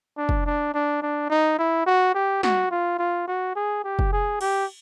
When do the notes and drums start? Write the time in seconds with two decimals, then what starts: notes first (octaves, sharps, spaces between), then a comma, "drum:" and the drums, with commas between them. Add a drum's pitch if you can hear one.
0.18 D4
0.29 drum: kick
0.46 D4
0.74 D4
1.02 D4
1.30 D#4
1.59 E4
1.87 F#4
2.15 G4
2.43 F#4, drum: snare
2.71 F4
2.99 F4
3.28 F#4
3.56 G#4
3.84 G4
3.99 drum: kick
4.13 G#4
4.41 G4, drum: cymbal